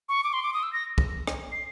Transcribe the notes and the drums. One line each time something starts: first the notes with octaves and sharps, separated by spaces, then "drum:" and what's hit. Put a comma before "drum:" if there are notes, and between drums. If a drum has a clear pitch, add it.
C#6
D6
C6
D6
D#6
E6
A#6
drum: kick
drum: rim click
C7